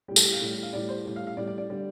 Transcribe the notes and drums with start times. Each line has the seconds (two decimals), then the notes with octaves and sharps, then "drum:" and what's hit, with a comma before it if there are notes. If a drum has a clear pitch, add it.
0.08 A2 G3 G4
0.16 A4, drum: tambourine
0.25 G4
0.33 F5
0.41 A2 G3
0.63 F5
0.72 A2 G3 D5
0.89 C5
1.05 A2 G3
1.16 F5
1.27 F5
1.37 A2 G3 D5
1.47 D5
1.58 D5
1.69 D3 G3